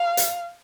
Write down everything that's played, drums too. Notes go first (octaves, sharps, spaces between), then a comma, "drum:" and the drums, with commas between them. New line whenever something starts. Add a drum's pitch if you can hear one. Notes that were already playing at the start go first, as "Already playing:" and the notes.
Already playing: F5
drum: hi-hat